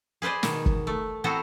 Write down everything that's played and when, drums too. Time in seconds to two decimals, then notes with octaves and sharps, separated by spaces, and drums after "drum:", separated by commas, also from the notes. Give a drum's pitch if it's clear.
0.22 G#4 B4 C5 D5 D#5
0.43 B2 D#3, drum: snare
0.66 drum: kick
0.87 A3
1.24 E3 B3 C4 F#4 A4 A#5